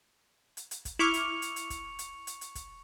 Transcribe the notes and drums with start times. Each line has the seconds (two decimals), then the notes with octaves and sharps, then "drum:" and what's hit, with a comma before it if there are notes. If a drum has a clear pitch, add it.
0.57 drum: hi-hat
0.71 drum: hi-hat
0.85 drum: kick, hi-hat
0.99 E4 C#6 D6 F6 C#7 F7
1.14 drum: hi-hat
1.42 drum: hi-hat
1.56 drum: hi-hat
1.70 drum: kick, hi-hat
1.99 drum: hi-hat
2.27 drum: hi-hat
2.41 drum: hi-hat
2.55 drum: kick, hi-hat